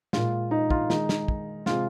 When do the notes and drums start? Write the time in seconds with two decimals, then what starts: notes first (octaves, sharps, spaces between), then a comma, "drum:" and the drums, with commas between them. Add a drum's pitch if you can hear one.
0.13 A#2 G#3 F4, drum: snare
0.51 D#4
0.70 F4, drum: kick
0.90 D#3 G#3 D#4, drum: snare
1.09 drum: snare
1.28 drum: kick
1.66 C3 G#3 F4, drum: snare